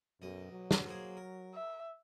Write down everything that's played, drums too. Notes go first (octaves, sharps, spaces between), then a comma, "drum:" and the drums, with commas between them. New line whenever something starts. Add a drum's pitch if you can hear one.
B1 F#2 D#5
F#3
drum: snare
A#3 G#4 C5
A#4
E5